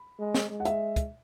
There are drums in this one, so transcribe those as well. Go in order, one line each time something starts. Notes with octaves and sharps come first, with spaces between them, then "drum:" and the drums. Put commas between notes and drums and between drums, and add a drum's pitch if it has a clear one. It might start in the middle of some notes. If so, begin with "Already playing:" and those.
Already playing: B5
G#3
drum: snare
G#3
F#5
E5, drum: hi-hat
drum: kick, hi-hat